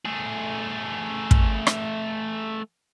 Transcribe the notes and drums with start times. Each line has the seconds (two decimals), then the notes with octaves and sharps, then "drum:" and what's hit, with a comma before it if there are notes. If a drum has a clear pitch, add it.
0.05 A3 G#4
1.31 drum: kick
1.67 drum: rim click